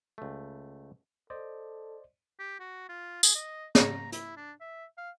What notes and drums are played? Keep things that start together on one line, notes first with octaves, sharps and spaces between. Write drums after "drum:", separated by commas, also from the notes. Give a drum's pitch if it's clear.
C#2 A3
A4 C5 D5 D#5
G4
F#4
F4
G#4, drum: tambourine
D#5
A#5, drum: snare
E4, drum: hi-hat
D4
E5
F5